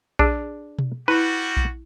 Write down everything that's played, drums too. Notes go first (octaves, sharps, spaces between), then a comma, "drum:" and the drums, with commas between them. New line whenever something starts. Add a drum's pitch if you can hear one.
D4 G#4, drum: kick A#1
drum: tom B2
G3 E4 F#4 B4
drum: kick A#1